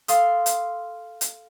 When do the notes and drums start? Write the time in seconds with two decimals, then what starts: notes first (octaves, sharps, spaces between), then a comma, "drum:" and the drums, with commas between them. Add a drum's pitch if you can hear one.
0.08 A4 F5 C6 D#6, drum: hi-hat
0.46 drum: hi-hat
1.21 drum: hi-hat